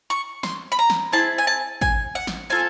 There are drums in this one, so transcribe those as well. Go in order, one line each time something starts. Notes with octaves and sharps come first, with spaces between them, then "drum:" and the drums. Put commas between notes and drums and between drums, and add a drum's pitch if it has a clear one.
C#6
C6, drum: snare
B5
A#5
drum: snare
C4 E4 G#4 A5
G#5
A5
G#5, drum: kick G#1
F#5
drum: snare
C4 F4 A4 G#5